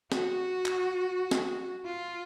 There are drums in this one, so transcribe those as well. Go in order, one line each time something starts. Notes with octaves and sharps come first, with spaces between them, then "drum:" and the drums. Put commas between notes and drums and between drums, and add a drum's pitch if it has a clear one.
F#4, drum: snare
drum: clap
drum: snare
F4